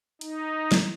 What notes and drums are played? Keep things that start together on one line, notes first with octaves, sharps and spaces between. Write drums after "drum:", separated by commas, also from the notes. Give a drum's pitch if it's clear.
D#4, drum: hi-hat
drum: snare